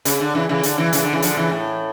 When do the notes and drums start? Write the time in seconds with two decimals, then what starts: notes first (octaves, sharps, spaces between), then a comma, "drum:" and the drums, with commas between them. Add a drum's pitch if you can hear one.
0.05 C#3, drum: hi-hat
0.20 D3
0.35 C#3 E3
0.49 C#3 E3
0.63 D3, drum: hi-hat
0.78 C#3 E3
0.93 C#3 E3, drum: hi-hat
1.03 D3
1.13 C#3 E3
1.22 D3 F3, drum: hi-hat
1.37 C#3 E3
1.52 A2